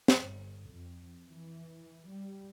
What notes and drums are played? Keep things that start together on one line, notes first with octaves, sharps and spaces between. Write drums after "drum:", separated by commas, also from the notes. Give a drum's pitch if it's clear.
drum: snare
G1
F2
E3
G3